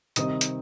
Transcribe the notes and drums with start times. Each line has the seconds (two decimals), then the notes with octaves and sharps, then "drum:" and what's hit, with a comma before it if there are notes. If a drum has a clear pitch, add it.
0.16 C3 D#3 G3 C4 D#4 D#6, drum: hi-hat
0.41 drum: hi-hat